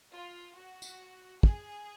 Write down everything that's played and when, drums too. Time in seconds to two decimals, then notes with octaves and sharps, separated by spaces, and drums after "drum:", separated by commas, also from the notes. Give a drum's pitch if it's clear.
0.14 F4
0.57 F#4
0.82 drum: tambourine
1.43 G#4, drum: kick